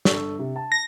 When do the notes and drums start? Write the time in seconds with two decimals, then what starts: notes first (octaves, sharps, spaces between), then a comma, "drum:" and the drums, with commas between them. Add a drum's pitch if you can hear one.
0.05 G1 A4 C#6, drum: snare
0.39 C3
0.56 A5
0.72 A#6